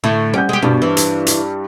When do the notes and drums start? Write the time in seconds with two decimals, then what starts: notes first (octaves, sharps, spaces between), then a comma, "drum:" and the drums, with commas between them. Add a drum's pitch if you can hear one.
0.04 A2 D3 A3
0.34 G3 C#4 F#5 G6
0.49 G#3 G4
0.62 G2 B2 G3
0.82 E3
0.97 drum: hi-hat
1.27 drum: hi-hat